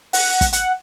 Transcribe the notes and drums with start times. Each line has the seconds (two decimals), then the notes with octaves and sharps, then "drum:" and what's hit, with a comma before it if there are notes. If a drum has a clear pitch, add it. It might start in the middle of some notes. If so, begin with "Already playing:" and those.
0.13 F#5, drum: open hi-hat
0.41 drum: kick, hi-hat
0.53 F#5, drum: hi-hat